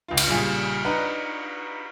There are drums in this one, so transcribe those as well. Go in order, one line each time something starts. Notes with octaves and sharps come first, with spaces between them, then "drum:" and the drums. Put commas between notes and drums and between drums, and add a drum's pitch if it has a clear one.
C#2 F4
drum: cymbal
A#1 C#3 G3 F4 G#4
D4 D#4 B4 F#5 A#5